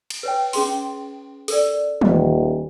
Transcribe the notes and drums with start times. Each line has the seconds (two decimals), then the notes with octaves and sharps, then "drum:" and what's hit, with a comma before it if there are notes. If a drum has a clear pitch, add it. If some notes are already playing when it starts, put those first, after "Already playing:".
0.10 drum: cymbal
0.23 B4 C#5 G5
0.53 C#4 G#4 C6, drum: open hi-hat
1.48 A4 A#4 D5, drum: open hi-hat
2.01 D#1, drum: tom